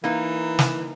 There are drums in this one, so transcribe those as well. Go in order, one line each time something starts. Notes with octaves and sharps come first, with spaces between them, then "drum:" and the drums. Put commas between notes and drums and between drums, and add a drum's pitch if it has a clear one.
E3 A#3 D#4
drum: snare